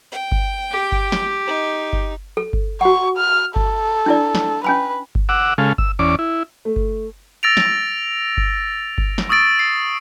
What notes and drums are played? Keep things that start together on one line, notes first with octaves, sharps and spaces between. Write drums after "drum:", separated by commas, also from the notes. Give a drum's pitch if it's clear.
G5
drum: kick G1
G4
drum: kick G1
drum: snare
D#4
drum: kick G1
A4
drum: kick G1
F#4 F#5 C#6
F6
A4, drum: kick G1
D4 E4 D5
drum: snare
C#4 B4 G#5 B5
drum: kick G1
F#5 D6 E6
C#3 G#3 A4 F5
E6, drum: kick G1
E2 C#4 D5 D6
E4
A3
drum: kick G1
E6 A6 A#6 D7 F7
drum: snare
drum: kick G1
drum: kick G1
drum: snare
C#6 D#6 E6 A6 D7
C7